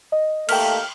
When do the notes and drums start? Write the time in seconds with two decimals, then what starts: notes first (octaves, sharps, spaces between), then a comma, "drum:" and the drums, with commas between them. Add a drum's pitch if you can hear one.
0.12 D#5
0.49 D#2 A3 A#3 G5 F6 B6, drum: cymbal